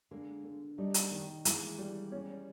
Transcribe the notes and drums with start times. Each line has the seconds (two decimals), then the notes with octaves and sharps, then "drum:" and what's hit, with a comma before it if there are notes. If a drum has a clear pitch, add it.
0.11 D3 G#3 A#3
0.44 D3
0.78 G3 A3 D#4
0.94 drum: hi-hat
1.11 D#3
1.45 E3 G#3 A#3, drum: hi-hat
1.78 G3
2.12 C#4